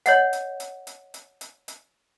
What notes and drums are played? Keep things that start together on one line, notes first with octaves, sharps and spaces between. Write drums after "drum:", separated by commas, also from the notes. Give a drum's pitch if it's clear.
C#5 D#5 F#5, drum: hi-hat
drum: hi-hat
drum: hi-hat
drum: hi-hat
drum: hi-hat
drum: hi-hat
drum: hi-hat